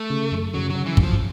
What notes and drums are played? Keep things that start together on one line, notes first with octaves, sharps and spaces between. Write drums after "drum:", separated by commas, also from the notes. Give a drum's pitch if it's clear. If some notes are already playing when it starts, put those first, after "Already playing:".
Already playing: A3
C#3
F#2
C#3 F#3
F#3
C#3
E3
F#2, drum: kick
F3